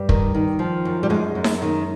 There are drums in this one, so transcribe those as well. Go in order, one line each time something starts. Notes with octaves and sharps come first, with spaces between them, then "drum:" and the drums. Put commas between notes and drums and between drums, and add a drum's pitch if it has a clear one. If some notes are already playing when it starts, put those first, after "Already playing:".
Already playing: G2 G3
D#3, drum: kick
D#3
F3
F#2
G3
F#2 G#3
F#2
drum: snare D#4
D#3